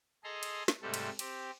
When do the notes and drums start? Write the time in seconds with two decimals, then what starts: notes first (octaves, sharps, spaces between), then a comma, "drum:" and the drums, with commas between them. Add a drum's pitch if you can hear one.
0.24 G#4 A4 D#5 A#5 C6
0.43 drum: cymbal
0.68 drum: snare
0.82 G#2 C3 G3 A3 A4
0.94 drum: cymbal
1.19 C4 G4, drum: cymbal